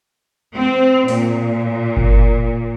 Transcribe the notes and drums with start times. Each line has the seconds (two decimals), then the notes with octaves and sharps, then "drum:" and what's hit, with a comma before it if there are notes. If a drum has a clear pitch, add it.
0.55 C4
1.08 A#2, drum: open hi-hat
1.97 drum: kick G1